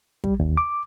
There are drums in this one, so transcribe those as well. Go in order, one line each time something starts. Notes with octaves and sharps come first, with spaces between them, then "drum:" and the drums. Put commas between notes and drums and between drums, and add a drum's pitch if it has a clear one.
G3, drum: kick
D#2
D6